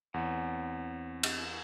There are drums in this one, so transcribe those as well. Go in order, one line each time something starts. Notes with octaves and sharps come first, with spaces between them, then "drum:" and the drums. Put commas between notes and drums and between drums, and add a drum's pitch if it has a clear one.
E2 C4 C#5 F#5
drum: cymbal